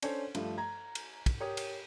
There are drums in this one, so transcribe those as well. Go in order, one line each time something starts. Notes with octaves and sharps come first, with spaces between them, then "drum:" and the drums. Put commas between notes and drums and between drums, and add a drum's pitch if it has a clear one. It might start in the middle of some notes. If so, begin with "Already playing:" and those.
C#4 D4 A4 C5 C#5, drum: cymbal
G2 F3 A3, drum: cymbal
A#5 G#6
drum: cymbal
drum: kick, cymbal
G4 A#4 C#5 D#6
drum: cymbal